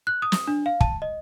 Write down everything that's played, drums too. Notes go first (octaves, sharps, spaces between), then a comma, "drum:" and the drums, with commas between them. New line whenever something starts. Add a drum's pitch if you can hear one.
F#6
D#6
drum: snare
D4
F5
A5, drum: kick
D#5